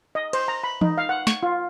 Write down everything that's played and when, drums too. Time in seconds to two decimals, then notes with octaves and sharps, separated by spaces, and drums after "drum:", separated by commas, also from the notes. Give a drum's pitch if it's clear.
0.15 D#5
0.33 C5, drum: cymbal
0.48 A#5
0.64 B5
0.81 D#4, drum: tom E3
0.98 F5
1.09 F#5
1.27 C#6, drum: snare
1.43 F4